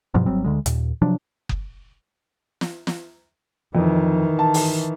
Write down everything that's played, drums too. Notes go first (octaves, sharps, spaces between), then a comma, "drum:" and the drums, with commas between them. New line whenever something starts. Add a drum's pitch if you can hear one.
G2 B2 F3 F#3
G#1 F#3 G3 C4
D2 D3 G#3
D#2 A#2, drum: hi-hat
C3 F3 F#3 D4
drum: kick F#1
drum: snare
drum: snare
F2 D#3 E3
A5
drum: open hi-hat